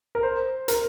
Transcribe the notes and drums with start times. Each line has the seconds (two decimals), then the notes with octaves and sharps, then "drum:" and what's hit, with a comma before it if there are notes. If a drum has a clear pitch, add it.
0.15 A#4
0.23 C5
0.68 A#4, drum: hi-hat